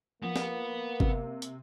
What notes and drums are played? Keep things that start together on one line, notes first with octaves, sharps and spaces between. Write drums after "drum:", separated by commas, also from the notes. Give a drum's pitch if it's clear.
F3 A#3 B3
drum: snare
C3, drum: kick G1
drum: hi-hat